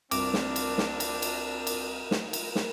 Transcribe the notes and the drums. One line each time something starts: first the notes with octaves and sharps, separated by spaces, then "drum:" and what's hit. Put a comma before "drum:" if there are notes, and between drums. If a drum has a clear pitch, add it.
C2 C4 D4 A#4 D6, drum: cymbal
drum: snare
drum: cymbal
drum: snare
drum: cymbal
drum: cymbal
drum: cymbal
drum: snare
drum: cymbal
drum: snare